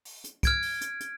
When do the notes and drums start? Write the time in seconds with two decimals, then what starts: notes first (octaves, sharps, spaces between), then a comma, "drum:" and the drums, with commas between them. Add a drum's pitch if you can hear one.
0.05 drum: open hi-hat
0.24 drum: hi-hat
0.43 F6 G#6 D7, drum: kick, hi-hat
0.62 drum: open hi-hat
0.81 drum: hi-hat
1.00 drum: hi-hat